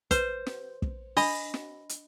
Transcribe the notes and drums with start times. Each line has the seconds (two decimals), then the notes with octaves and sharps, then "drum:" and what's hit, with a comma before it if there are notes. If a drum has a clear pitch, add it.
0.11 B4 C5, drum: kick, hi-hat
0.46 drum: snare
0.82 drum: kick
1.17 D4 D#5 B5, drum: open hi-hat
1.54 drum: snare
1.89 drum: hi-hat